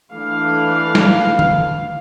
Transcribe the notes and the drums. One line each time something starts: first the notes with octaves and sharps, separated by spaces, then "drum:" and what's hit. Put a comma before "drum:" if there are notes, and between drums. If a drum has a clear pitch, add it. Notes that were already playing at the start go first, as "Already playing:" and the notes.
E3 A3 D4 F5
drum: snare
drum: tom D3